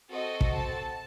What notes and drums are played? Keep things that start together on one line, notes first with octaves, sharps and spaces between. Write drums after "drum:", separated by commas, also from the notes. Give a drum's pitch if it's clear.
C4 F#4 A4 D#5
drum: kick
A5